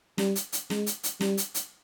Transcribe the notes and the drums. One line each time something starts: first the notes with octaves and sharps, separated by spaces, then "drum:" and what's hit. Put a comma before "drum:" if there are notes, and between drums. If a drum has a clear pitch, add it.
G3, drum: snare
drum: hi-hat
drum: hi-hat
G#3, drum: snare
drum: hi-hat
drum: hi-hat
G3, drum: snare
drum: hi-hat
drum: hi-hat